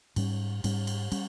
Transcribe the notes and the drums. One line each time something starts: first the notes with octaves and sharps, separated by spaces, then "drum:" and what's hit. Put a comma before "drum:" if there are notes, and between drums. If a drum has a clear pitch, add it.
G#2 G3 C#4, drum: cymbal
G#2 G3 C#4, drum: cymbal
drum: cymbal
G3 C#4, drum: cymbal